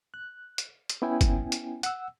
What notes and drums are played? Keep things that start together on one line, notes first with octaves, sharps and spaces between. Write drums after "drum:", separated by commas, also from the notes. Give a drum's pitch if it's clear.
F#6
drum: hi-hat
drum: hi-hat
B3 C#4 E4 G5 G#5
drum: kick G1, hi-hat
drum: hi-hat
F#5 E6, drum: hi-hat